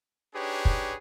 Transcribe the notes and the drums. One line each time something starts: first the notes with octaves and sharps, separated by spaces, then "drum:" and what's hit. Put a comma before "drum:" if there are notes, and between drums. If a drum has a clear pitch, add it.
D4 D#4 G4 G#4 B4 C#5
drum: kick